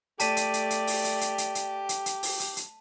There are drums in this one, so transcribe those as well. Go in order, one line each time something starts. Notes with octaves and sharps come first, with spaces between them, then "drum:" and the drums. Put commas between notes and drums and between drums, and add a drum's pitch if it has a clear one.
A3 G4 D5 A5 B6 D#7, drum: hi-hat
drum: hi-hat
drum: hi-hat
drum: hi-hat
drum: open hi-hat
drum: hi-hat
drum: hi-hat
drum: hi-hat
drum: hi-hat
drum: hi-hat
drum: hi-hat
drum: open hi-hat
drum: hi-hat
drum: hi-hat